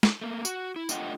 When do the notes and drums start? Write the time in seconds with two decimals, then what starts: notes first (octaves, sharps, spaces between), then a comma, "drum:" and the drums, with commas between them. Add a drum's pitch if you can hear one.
0.03 drum: snare
0.21 A3 A#3
0.45 F#4, drum: tambourine
0.76 E4
0.89 A3 D4 F4 D#5 F#5 G5, drum: tambourine